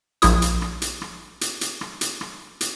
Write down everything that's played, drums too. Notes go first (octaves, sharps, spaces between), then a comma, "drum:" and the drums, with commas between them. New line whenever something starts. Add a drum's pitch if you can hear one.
A#1 E4 D#6, drum: hi-hat
drum: hi-hat
drum: rim click
drum: hi-hat
drum: rim click
drum: hi-hat
drum: hi-hat
drum: rim click
drum: hi-hat
drum: rim click
drum: hi-hat